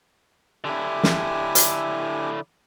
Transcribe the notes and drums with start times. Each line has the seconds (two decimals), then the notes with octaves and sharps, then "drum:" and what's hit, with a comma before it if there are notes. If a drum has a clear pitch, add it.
0.65 D3 D4 E4 G4 G#5
1.03 drum: snare
1.55 drum: hi-hat